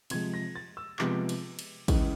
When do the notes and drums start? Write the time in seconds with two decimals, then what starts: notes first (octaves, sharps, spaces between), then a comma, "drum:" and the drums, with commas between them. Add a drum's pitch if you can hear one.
0.10 C3 F3 G#3 G#6, drum: cymbal
0.34 A#6
0.56 A6
0.77 E6
0.99 C3 F3 G#3 B3 D6, drum: clap
1.29 drum: cymbal
1.59 drum: cymbal
1.88 C#2 C#3 E3, drum: kick, cymbal